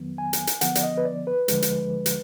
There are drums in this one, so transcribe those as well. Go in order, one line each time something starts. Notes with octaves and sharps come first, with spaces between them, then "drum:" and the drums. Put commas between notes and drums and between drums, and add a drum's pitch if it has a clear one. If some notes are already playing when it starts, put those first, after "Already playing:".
Already playing: F2 D#3 F#3 B3
G#5
drum: hi-hat
drum: hi-hat
D3 F3 B3 F#5, drum: hi-hat
D5, drum: hi-hat
D#5
B4
D5
B4
D2 D3 F3 G#3, drum: hi-hat
drum: hi-hat
drum: hi-hat